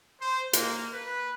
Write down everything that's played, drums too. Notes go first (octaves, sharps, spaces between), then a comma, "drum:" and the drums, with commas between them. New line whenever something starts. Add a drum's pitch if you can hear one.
C5
A#3, drum: hi-hat
B4